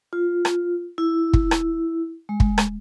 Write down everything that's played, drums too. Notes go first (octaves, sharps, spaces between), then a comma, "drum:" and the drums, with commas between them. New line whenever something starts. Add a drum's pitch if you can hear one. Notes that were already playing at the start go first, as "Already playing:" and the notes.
F4
drum: rim click
E4
drum: kick
drum: rim click
G#3
drum: kick
drum: rim click